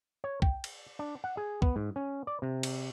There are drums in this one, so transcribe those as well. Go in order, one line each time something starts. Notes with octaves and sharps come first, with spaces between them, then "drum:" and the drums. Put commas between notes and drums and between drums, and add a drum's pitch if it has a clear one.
C#5
G5, drum: kick
drum: cymbal
D4
F#5
G#4
B3, drum: kick
G#2
C#4
D5
C3
drum: cymbal